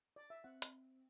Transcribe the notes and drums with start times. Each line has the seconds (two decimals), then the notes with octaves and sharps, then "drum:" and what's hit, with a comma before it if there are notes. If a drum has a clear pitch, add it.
0.16 D5
0.30 E5
0.44 C4 F#5
0.62 drum: hi-hat